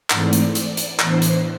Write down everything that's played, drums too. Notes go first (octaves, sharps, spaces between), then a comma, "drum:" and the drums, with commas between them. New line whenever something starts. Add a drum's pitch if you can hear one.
G#2 E3 A3 C4 D5, drum: clap
drum: hi-hat
D5, drum: hi-hat
drum: hi-hat
A2 E3 B3 D4 C5, drum: clap
drum: hi-hat